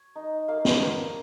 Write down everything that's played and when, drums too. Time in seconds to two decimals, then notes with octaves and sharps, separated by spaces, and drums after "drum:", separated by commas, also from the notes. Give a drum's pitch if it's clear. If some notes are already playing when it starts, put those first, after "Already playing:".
Already playing: C#5
0.16 D#4
0.48 A#3 F5
0.65 drum: snare
0.81 A#3